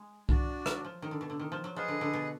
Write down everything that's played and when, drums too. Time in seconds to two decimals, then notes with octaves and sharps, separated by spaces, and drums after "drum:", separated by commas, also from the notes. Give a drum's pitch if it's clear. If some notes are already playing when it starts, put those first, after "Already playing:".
Already playing: G#3
0.29 D4 F#4 D5, drum: kick C2
0.66 F#3, drum: rim click
0.84 F3
1.02 D#3
1.11 D3
1.21 B2
1.30 D3
1.39 D#3
1.52 F3
1.64 F#3
1.76 F3 G#4 B4 D#5 F#5
1.88 D3
2.01 D3
2.13 B2